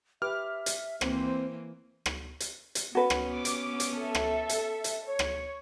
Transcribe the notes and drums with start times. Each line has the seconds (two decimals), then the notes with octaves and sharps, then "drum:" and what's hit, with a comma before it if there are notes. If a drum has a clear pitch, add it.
0.22 G4 B4 E5 D6 F6
0.66 drum: hi-hat
1.01 E3 A#3 C4 C5, drum: rim click
2.06 drum: rim click
2.40 drum: hi-hat
2.75 drum: hi-hat
2.95 B3 C#4 F#4 B4
3.10 drum: rim click
3.35 D6
3.45 drum: hi-hat
3.80 drum: hi-hat
3.95 A4 E5
4.15 drum: rim click
4.49 drum: hi-hat
4.84 drum: hi-hat
5.04 C#5
5.19 drum: rim click